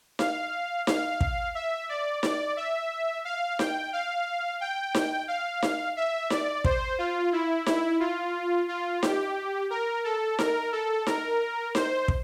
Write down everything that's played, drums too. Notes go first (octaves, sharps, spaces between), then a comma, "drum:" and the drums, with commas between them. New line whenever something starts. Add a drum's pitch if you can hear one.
F5, drum: snare D#4
F5, drum: snare D#4
drum: kick
E5
D5
D5, drum: snare D#4
E5
F5
G5, drum: snare D#4
F5
G5
drum: snare D#4
F5
drum: snare D#4
E5
D5, drum: snare D#4
C5, drum: kick
F4
E4
E4, drum: snare D#4
F4
F4
G4, drum: snare D#4
A#4
A4
A#4, drum: snare D#4
A4
A#4, drum: snare D#4
C5, drum: snare D#4
drum: kick